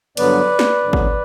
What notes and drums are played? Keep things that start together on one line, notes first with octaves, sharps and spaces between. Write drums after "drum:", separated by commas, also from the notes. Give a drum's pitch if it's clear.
G2 D3 F#3 B3 B4 D5, drum: cymbal
drum: snare
G2 D3 F#3 B3
drum: kick